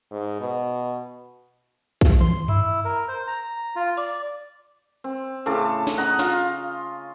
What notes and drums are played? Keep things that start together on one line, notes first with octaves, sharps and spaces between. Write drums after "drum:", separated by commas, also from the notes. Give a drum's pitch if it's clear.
G#2
B2
drum: kick B1
C6, drum: tom D#3
E4, drum: tom F#2
A#4
C5
A#5
F4
D5, drum: open hi-hat
C4
A2 C#3 A4 D6
drum: snare
D#5 F#5 A#5 C#6
F4, drum: snare